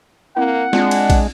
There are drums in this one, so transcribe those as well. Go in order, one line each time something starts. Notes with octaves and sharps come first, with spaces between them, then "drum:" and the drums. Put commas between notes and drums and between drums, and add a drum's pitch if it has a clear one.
A#3 C4 E4 F#5
G#3 C4 D4 F4, drum: snare
drum: cymbal
drum: kick A#1, cymbal